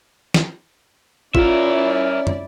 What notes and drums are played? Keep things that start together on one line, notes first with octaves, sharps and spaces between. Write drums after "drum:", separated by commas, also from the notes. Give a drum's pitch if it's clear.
drum: snare
C#4 E4 F4 A#4 D5 E5, drum: kick
drum: tom